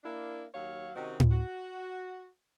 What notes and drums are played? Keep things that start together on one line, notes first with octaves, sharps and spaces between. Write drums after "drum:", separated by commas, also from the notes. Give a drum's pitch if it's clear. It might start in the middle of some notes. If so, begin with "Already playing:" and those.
A#3 D4 E4
D#2 F#3 C#5 F5
C3 D#3 C4 C#4 F#4 D#5
drum: tom A2
F#4